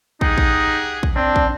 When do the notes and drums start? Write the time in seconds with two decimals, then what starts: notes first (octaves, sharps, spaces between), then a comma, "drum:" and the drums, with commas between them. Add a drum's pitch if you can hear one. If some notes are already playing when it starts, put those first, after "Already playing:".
0.21 D#4 G4 G#4 F#5, drum: kick
0.38 drum: kick
1.03 drum: kick
1.16 C4 D4
1.36 drum: kick